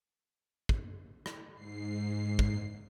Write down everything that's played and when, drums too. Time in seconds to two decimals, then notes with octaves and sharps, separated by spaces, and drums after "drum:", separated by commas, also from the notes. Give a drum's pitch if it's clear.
0.69 drum: kick
1.26 drum: rim click
1.54 G#2 C7
2.39 drum: kick